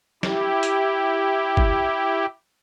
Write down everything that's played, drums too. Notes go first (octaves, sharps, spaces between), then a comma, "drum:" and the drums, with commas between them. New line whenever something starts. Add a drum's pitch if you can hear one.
E4 G4, drum: snare
drum: hi-hat
drum: kick